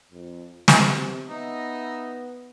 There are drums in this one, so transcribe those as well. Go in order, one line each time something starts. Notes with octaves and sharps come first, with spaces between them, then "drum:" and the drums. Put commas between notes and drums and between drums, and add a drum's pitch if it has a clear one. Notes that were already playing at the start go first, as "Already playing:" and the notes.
F2
C3, drum: snare
B3 D#4 D#5 E5